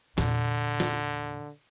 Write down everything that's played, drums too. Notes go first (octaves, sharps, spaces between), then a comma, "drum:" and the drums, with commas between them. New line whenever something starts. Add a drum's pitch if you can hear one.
E2 A#2 D3, drum: snare
drum: snare